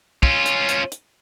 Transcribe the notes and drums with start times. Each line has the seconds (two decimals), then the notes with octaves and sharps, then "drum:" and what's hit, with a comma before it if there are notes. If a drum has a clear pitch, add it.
0.23 C#4 F4, drum: kick
0.46 drum: hi-hat
0.69 drum: hi-hat
0.92 drum: hi-hat